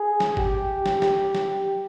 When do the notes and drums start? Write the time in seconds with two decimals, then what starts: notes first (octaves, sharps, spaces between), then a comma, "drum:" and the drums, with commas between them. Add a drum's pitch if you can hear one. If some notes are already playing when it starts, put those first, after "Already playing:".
Already playing: G#4
0.20 drum: snare
0.37 G4, drum: kick G#1
0.86 drum: snare
1.02 G4, drum: snare
1.35 drum: snare